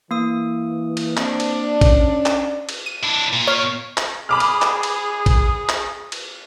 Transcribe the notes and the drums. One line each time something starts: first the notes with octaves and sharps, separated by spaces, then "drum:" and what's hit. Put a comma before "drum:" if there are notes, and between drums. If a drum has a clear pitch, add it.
E3 A#3 D#6
drum: cymbal
C4 D4, drum: clap
drum: cymbal
C#4, drum: kick, cymbal
drum: clap
drum: cymbal
D#7
D4 E4
A#2
C#5 F6
drum: clap
G#4 B5 D6 F6
drum: cymbal
drum: clap
drum: cymbal
drum: kick, cymbal
drum: clap
drum: cymbal